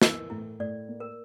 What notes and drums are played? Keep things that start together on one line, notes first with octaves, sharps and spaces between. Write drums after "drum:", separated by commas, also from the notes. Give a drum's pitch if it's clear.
E3 A#4, drum: snare
A2 E4
A2 D5
A#3
A#4